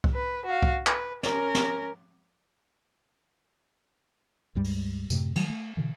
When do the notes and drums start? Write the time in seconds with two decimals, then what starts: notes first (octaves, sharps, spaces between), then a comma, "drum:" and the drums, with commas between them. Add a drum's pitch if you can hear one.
0.04 drum: kick C2
0.14 B4
0.46 F#4 F5
0.62 drum: kick C2
0.86 B4, drum: clap
1.23 C#4 A#4, drum: snare
1.55 drum: snare
4.55 C#2 G2 G3 G#3
4.64 drum: open hi-hat
5.10 F#2 A2 C3 A3, drum: tambourine
5.36 D#3 F#3 G3 A3, drum: cymbal
5.50 A3
5.77 B2 D3 E3